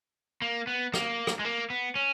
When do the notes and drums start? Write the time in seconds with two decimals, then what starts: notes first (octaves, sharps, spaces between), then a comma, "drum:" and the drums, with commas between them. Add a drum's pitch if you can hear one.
0.42 A#3
0.67 B3
0.94 A#3, drum: rim click
1.27 drum: rim click
1.39 G#3
1.45 A#3
1.70 B3
1.95 C#4